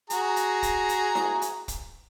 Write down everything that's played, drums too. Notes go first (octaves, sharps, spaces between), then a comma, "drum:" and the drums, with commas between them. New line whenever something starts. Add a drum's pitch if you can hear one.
F#4 G#4 A#5, drum: hi-hat
drum: hi-hat
drum: kick, hi-hat
drum: hi-hat
drum: snare E4
drum: hi-hat
drum: kick, hi-hat